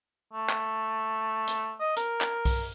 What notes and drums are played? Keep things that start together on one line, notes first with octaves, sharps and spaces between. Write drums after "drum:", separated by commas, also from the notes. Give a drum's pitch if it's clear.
A3
drum: clap
drum: hi-hat
D#5
A#4, drum: hi-hat
drum: clap
drum: kick B1, open hi-hat